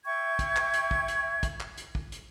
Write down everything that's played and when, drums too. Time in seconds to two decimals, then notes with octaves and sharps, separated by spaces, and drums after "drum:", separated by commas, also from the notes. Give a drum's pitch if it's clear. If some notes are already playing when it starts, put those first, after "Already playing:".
0.04 E5 G5 C#6 G#6
0.39 drum: kick, hi-hat
0.56 drum: clap
0.74 drum: hi-hat
0.91 drum: kick
1.08 drum: hi-hat
1.43 drum: kick, hi-hat
1.60 drum: clap
1.78 drum: hi-hat
1.95 drum: kick
2.12 drum: hi-hat